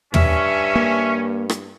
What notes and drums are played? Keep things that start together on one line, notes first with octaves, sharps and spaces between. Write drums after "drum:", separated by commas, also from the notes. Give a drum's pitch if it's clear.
G2 C#4 E5, drum: tom
A#3
drum: rim click